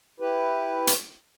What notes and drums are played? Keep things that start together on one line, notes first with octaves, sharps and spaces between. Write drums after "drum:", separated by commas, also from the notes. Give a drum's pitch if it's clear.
E4 G4 B4
drum: hi-hat